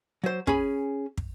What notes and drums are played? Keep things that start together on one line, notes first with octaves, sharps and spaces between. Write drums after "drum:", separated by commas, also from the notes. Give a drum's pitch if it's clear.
F#3 C5
C#4 G#4 B5, drum: kick
drum: kick